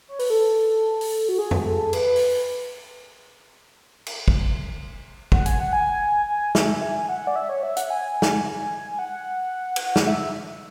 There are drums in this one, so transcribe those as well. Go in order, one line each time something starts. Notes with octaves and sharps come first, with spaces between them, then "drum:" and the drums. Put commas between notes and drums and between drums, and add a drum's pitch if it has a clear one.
C#5
B4, drum: open hi-hat
A4
drum: open hi-hat
F#4
G#4
drum: tom F2
A4
B4, drum: cymbal
drum: open hi-hat
drum: cymbal
drum: kick
F#5, drum: kick
G#5, drum: hi-hat
F#5
G#5
G#5
E5, drum: snare
G#5
F#5
D5
E5
C#5
E5
F#5, drum: hi-hat
G#5
drum: snare
G#5
F#5
drum: cymbal
F#5, drum: snare
E5